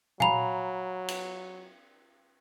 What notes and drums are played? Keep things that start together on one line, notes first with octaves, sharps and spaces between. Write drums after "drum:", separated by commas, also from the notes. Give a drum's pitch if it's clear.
F#3 F5 G#5 A#5 B5 F7, drum: tom A#2
drum: cymbal